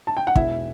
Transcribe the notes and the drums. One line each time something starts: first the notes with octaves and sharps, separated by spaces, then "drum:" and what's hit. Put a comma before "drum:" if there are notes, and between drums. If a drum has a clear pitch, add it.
A5
G5
F#5
E1 E4 E5, drum: kick